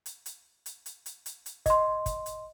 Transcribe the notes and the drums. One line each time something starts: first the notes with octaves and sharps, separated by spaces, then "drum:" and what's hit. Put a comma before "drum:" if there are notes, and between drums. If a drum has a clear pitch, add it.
drum: hi-hat
drum: hi-hat
drum: hi-hat
drum: hi-hat
drum: hi-hat
drum: hi-hat
drum: hi-hat
D#5 C6, drum: kick, hi-hat
drum: kick, hi-hat
drum: hi-hat